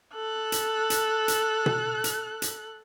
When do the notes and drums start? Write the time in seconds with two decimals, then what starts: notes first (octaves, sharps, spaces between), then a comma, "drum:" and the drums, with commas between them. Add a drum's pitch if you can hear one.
0.14 A4 F#6
0.52 drum: hi-hat
0.90 drum: hi-hat
1.28 drum: hi-hat
1.66 drum: tom B2
2.04 drum: hi-hat
2.42 drum: hi-hat